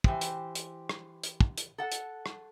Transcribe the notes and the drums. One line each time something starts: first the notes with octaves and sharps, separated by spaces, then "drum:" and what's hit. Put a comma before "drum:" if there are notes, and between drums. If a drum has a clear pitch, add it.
E3 G4 C5, drum: kick
drum: hi-hat
drum: hi-hat
drum: rim click
drum: hi-hat
drum: kick
drum: hi-hat
A4 F#5
drum: hi-hat
drum: rim click